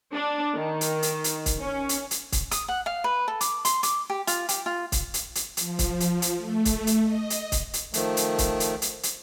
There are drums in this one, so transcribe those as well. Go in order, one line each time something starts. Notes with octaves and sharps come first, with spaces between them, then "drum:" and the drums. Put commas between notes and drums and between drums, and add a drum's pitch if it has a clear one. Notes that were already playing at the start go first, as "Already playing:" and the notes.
D4
D#3
drum: hi-hat
drum: hi-hat
drum: hi-hat
drum: kick, hi-hat
C#4
drum: hi-hat
drum: hi-hat
drum: kick, hi-hat
D#6, drum: hi-hat
F#5
F5
B4
A4
D6, drum: hi-hat
C6, drum: hi-hat
D6, drum: hi-hat
G4
F4, drum: hi-hat
G4, drum: hi-hat
F4
drum: kick, hi-hat
drum: hi-hat
drum: hi-hat
F3, drum: hi-hat
drum: kick, hi-hat
drum: hi-hat
drum: hi-hat
A3
drum: kick, hi-hat
drum: hi-hat
D#5
drum: hi-hat
drum: kick, hi-hat
drum: hi-hat
D#3 F3 A3, drum: hi-hat
drum: hi-hat
drum: kick, hi-hat
drum: hi-hat
drum: hi-hat
drum: hi-hat